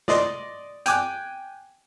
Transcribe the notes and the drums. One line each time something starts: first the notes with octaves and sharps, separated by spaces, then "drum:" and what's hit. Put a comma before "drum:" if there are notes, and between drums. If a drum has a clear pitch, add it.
D5 D#5 C6, drum: snare
G5 G#5 D6 F#6, drum: hi-hat